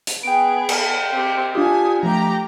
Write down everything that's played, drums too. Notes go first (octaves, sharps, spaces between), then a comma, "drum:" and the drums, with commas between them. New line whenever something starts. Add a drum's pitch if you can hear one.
drum: hi-hat
B3 G#4 G5 D7
drum: cymbal
C4 G4
D4 F4 G4 G#5 D#6
F3 A3 G4 A#5